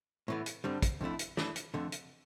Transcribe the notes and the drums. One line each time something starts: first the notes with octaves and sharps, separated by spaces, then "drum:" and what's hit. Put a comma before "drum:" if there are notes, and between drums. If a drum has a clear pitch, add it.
A2 E3 B3
drum: hi-hat
G2 D3 G3 C4
drum: kick, hi-hat
F2 D3 A3 E4
drum: hi-hat
E3 A3 D4, drum: snare
drum: hi-hat
F2 D3 A3
drum: hi-hat